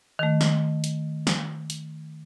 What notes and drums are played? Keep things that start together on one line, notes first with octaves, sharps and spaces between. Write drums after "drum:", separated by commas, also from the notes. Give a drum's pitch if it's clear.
D#3 A3
drum: snare
drum: hi-hat
drum: snare
drum: hi-hat